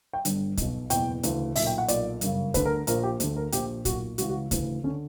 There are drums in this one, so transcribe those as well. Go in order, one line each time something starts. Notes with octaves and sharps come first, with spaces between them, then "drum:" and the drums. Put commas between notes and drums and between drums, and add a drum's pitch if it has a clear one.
G5
G1 G2 D3, drum: hi-hat
B1 B2, drum: kick, hi-hat
F#1 E2 B2 G5, drum: hi-hat
D2 C#3 E3, drum: hi-hat
B1 A#2 E5, drum: open hi-hat
G5
F#5
B1 A#2 D5, drum: hi-hat
G1 F#2 C#3, drum: hi-hat
D2 D3 B4, drum: kick, hi-hat
A#4
A#1 A#2 A#4, drum: hi-hat
G4
D2 D3, drum: hi-hat
A#4
A#1 A#2 G4, drum: hi-hat
B1 A#2 F#4, drum: kick, hi-hat
C#2 C#3 E3 F#4, drum: hi-hat
F#4
D2 C#3 E3, drum: kick, hi-hat
D3 C#4